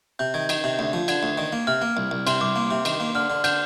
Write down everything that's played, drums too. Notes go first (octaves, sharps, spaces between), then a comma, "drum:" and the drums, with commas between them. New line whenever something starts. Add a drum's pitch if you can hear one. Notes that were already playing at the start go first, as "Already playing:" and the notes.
C3 G6
D#3 G#6
D#3, drum: cymbal
C3
D2
F3
D3 G#6, drum: cymbal
D2
D#3
A#3
C3 F6
A#3
C2
C2
C3 C6, drum: cymbal
C2 D6
A#3
C3
D#3, drum: cymbal
A#3
D3 F6
D3
D3 G6, drum: cymbal